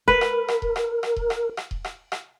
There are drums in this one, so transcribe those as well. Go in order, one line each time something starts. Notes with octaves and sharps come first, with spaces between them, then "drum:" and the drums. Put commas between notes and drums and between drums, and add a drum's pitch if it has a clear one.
A#4 B4, drum: kick D#1
drum: rim click
drum: rim click
drum: kick D#1
drum: rim click
drum: rim click
drum: kick D#1
drum: rim click
drum: rim click
drum: kick D#1
drum: rim click
drum: rim click